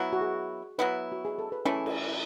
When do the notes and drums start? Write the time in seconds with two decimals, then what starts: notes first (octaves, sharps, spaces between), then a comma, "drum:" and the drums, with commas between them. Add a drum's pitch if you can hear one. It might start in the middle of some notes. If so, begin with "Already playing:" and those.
Already playing: F#3 B3 E4
0.13 F#4
0.21 G#4
0.79 F#3 B3 E4 B4
1.12 F#4
1.25 G#4
1.38 A4
1.52 B4
1.65 E3 A3 C#4 E4 C#5
1.86 drum: cymbal